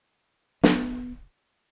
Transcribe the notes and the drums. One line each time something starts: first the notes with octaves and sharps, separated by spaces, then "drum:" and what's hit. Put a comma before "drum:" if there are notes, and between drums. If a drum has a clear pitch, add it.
B3, drum: snare